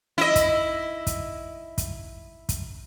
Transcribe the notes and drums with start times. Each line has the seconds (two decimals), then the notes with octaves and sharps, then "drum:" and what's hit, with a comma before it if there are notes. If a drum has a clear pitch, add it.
0.18 E4 D#5
0.36 drum: kick, hi-hat
1.07 drum: kick, hi-hat
1.78 drum: kick, hi-hat
2.49 drum: kick, hi-hat